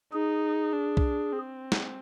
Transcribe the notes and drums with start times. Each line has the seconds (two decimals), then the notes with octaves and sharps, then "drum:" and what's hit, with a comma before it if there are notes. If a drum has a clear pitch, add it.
0.13 D#4 G#4
0.73 D4
0.97 drum: kick B1
1.33 C4
1.72 drum: snare